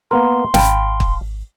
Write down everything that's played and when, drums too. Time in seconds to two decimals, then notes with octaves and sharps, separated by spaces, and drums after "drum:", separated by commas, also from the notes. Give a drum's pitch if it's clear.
0.11 A#3 B3 A#4 C6
0.54 G#1 F5 G5 A5 B5, drum: snare
1.00 drum: kick